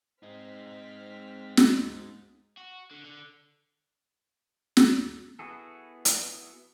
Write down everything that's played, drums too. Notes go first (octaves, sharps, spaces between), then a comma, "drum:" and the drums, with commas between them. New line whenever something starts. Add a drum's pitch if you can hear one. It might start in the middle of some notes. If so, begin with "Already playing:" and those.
G#3 C4 D#4 F6 B6
drum: snare
F#4
D3
D3
drum: snare
B3 E4 F#4 G#4 A4
drum: hi-hat